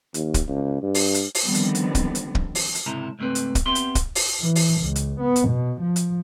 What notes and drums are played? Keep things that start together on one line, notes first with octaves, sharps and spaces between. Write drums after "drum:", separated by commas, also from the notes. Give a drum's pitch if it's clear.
D#2, drum: hi-hat
drum: kick, hi-hat
C#2
G2
drum: open hi-hat
drum: hi-hat
drum: open hi-hat
D3 D#3 F3 G3 B3 C4
drum: hi-hat
drum: hi-hat
drum: kick, hi-hat
drum: hi-hat
drum: kick
drum: open hi-hat
drum: hi-hat
C#2 G#2 C3 E4 A4 A#5
C#2 G#2 A3 C4 B4
drum: hi-hat
drum: kick, hi-hat
B3 C4 G4 E5 C6
drum: hi-hat
drum: kick, hi-hat
drum: open hi-hat
E3
drum: open hi-hat
C#2
drum: hi-hat
B3
drum: hi-hat
B2
F3
drum: hi-hat